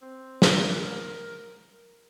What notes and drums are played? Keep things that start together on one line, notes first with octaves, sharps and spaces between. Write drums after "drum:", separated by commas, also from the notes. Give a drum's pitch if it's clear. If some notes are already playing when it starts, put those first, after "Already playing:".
C4
A#4, drum: snare